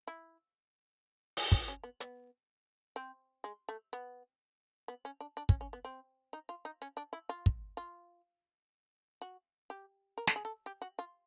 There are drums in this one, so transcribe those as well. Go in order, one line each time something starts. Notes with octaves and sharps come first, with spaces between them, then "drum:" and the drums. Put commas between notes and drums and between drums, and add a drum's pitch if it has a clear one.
E4
drum: open hi-hat
C#4, drum: kick
C#4
B3
B3, drum: hi-hat
C4
G#3
A3
B3
B3
C#4
D4
D4
C#4, drum: kick
C#4
B3
C4
D#4
F4
D#4
C#4
D4
E4
F4
drum: kick
F4
F#4
G4
A#4
A4, drum: snare
G#4
A4
G4
F#4
F4